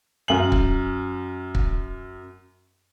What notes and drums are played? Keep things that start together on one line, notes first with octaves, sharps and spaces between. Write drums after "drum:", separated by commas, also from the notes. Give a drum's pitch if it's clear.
F#2 F#7
drum: kick
drum: kick